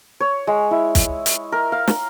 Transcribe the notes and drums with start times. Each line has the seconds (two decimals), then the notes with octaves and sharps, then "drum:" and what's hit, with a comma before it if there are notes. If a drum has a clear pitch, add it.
0.20 C#5
0.47 G#3
0.71 E4
0.95 drum: kick, hi-hat
1.26 drum: hi-hat
1.52 A#4
1.72 F5
1.88 drum: snare